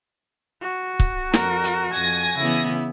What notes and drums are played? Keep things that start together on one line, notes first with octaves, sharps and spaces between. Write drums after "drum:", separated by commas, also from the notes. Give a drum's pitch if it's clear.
F#4
drum: kick
F2 A#4, drum: snare
drum: hi-hat
F2 G#5 G#6 A#6
C#3 E3 B3 E4